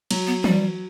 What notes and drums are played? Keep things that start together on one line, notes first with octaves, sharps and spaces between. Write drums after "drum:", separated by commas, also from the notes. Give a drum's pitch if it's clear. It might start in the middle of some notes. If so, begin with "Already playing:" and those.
F#3, drum: cymbal
B3
G3, drum: tom E3